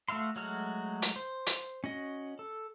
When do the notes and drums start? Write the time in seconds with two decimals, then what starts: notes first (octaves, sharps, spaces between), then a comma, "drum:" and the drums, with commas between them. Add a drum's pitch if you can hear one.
0.08 A3 F#4 E5 F5 C6
0.36 F#3 G#3 A3 F#4 F6
1.02 drum: hi-hat
1.16 C5
1.46 drum: hi-hat
1.84 C#4 F#4 D#5
2.39 A4